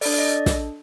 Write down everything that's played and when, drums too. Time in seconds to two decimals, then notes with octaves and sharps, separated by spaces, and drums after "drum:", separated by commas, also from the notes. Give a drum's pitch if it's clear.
0.01 D4 A4 D5, drum: open hi-hat
0.14 D5
0.18 D#5
0.46 drum: snare